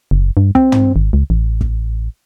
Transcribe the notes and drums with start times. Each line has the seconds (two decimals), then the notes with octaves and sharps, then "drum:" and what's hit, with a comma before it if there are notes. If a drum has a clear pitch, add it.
0.11 F#1
0.37 G2
0.55 C4, drum: kick
0.72 drum: tom
0.96 G#1
1.13 C#2
1.30 A1
1.61 drum: kick